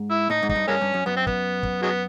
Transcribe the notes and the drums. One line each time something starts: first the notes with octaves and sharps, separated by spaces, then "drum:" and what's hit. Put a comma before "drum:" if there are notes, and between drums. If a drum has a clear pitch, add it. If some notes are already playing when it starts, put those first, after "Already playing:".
Already playing: G#2
E4
A2 D#4
G#2
D#4, drum: kick
G2
G2 G#3 A#3 C#4
G2
F#2
F#2 B3
C4
B3, drum: kick
drum: kick
F#3 G#3 B3